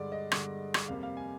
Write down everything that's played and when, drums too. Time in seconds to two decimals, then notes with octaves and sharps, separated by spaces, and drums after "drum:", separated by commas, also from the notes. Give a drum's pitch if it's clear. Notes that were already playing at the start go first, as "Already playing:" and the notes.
Already playing: G2 D3 G#3 D5
0.12 D#5
0.32 G2 D3 G#3, drum: rim click
0.74 drum: rim click
0.88 F2 C3 G3 A#3 F5
1.03 F5
1.17 G#5